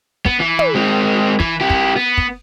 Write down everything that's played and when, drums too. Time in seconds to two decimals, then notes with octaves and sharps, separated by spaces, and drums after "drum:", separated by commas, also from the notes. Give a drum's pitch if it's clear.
0.26 B3, drum: kick
0.40 E3
0.59 drum: tom
0.75 G#3 C4
1.40 E3, drum: kick
1.61 E4 G4
1.70 drum: kick
1.96 B3
2.18 drum: kick